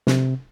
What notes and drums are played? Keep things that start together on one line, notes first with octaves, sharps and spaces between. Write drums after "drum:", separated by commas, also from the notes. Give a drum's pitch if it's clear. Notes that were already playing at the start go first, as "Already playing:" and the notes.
C3, drum: snare